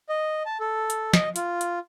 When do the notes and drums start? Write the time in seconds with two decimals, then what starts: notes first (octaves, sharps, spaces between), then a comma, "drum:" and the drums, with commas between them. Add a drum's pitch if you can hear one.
0.09 D#5
0.46 A5
0.60 A4
0.90 drum: hi-hat
1.13 D#5, drum: snare
1.36 F4, drum: hi-hat
1.61 drum: hi-hat